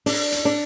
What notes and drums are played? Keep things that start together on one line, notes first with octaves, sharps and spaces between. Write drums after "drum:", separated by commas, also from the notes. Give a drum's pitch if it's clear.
D4, drum: open hi-hat
drum: hi-hat
D4